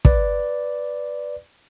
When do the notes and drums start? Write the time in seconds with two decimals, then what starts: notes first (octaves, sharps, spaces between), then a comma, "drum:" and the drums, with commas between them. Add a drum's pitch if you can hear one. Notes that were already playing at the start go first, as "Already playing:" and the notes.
0.05 B4 D5, drum: kick